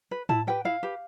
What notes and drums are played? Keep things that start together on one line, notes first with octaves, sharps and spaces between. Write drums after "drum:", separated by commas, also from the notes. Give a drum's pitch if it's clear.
B4
E4 A5, drum: tom A2
G4 B4 G5
E4 F5
G4 B4